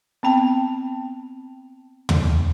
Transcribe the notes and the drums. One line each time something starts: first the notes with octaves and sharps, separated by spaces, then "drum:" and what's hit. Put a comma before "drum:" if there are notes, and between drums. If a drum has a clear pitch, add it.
B3 C4 G5 A5
drum: tom